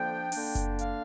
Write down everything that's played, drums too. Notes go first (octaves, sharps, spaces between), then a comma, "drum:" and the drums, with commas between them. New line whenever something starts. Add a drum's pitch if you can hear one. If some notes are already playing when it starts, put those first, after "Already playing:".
Already playing: F2 D3 F3 A#3 D4 G5
D3 A#3 D4, drum: open hi-hat
drum: kick F#1, hi-hat
F5, drum: hi-hat